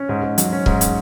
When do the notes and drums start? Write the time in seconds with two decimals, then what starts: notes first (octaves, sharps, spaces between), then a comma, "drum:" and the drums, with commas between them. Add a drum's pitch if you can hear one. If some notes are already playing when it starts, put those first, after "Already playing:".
Already playing: C#4
0.09 G#2
0.23 G#2
0.38 F#3, drum: hi-hat
0.53 C#4
0.66 G#2, drum: kick C#1
0.81 drum: hi-hat